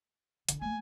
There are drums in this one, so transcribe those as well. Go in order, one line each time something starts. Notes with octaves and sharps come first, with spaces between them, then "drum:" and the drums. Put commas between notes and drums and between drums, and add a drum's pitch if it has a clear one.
D3 E4, drum: hi-hat
A3 A#3 G#5